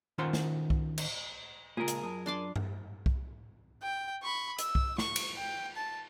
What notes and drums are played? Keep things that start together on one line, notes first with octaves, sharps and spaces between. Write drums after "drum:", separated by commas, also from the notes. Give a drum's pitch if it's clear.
D#3 C#4 F4 C5 F#5 C6
drum: snare
drum: kick C2
drum: cymbal
C#2 A#2 F4 G#4 A#4
drum: hi-hat
F#2 A5 B5 D#6
D4 C6 D6
drum: tom G2
drum: kick C2
G5
B5 C#6
E6, drum: hi-hat
drum: kick C2
C#6, drum: snare
drum: cymbal
G5
A5